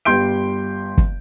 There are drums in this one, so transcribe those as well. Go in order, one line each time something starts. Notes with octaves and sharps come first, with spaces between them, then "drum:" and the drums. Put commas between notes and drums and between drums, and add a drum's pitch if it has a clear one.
G1 G3 G4 C6 G6 D7
drum: kick